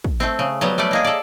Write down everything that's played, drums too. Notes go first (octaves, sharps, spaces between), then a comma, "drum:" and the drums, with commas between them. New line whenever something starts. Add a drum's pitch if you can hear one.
drum: kick
A3 C4
C#3
F#3 G3 B3
G3 A3 B4 D5
G#3 A#3 G#4
A4 D5